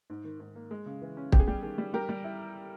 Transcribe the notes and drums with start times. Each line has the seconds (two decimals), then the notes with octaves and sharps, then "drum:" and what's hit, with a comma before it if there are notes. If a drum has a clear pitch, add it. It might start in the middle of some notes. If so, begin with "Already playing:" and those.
0.10 G#2
0.24 D#3
0.40 G#2
0.55 A#3
0.71 G#3
0.86 C#3
1.02 E3
1.17 C#4
1.32 B3 G4, drum: kick
1.39 G#4
1.47 G3 G4
1.63 D#3 G#4
1.78 G3
1.93 G3 G4 A#4
2.09 G3
2.24 E4